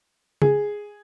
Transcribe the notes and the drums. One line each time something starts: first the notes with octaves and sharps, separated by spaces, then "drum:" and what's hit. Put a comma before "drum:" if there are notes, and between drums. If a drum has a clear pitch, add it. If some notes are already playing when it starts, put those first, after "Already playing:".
G#4, drum: tom